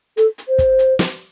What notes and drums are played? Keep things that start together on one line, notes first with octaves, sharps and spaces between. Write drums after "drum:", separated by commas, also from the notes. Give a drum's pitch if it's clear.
A4, drum: hi-hat
drum: hi-hat
C5
drum: kick, hi-hat
drum: hi-hat
drum: snare